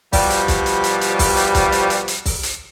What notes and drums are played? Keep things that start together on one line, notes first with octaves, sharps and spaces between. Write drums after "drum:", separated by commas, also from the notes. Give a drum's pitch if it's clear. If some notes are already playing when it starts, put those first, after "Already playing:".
B2 F3 G3, drum: kick, open hi-hat
drum: hi-hat
drum: kick, hi-hat
drum: hi-hat
drum: hi-hat
drum: hi-hat
drum: kick, open hi-hat
drum: hi-hat
drum: kick, hi-hat
drum: hi-hat
drum: hi-hat
drum: hi-hat
drum: kick, open hi-hat
drum: hi-hat